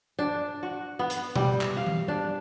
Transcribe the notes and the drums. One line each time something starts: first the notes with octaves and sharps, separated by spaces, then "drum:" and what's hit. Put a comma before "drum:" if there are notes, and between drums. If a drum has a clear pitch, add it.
D4
F#4
B3
drum: hi-hat
G3, drum: tom B2
drum: clap
F5
drum: tom E3
D4